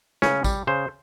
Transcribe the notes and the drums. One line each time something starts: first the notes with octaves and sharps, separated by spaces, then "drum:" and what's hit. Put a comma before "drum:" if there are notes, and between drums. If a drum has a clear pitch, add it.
C#3 C#4, drum: snare
G3, drum: kick A1, tambourine
C#3 C5